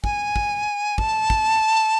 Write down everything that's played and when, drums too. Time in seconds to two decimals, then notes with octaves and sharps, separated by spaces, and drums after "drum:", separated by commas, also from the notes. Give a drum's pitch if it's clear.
0.04 G#5, drum: kick
0.36 drum: kick
0.98 A5, drum: kick
1.30 drum: kick